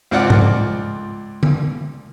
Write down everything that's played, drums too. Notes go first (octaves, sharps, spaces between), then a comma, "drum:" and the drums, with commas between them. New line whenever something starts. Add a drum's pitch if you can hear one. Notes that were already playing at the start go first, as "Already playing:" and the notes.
C#2 C4 F4 D5 F#5 F6
drum: tom G#2
drum: tom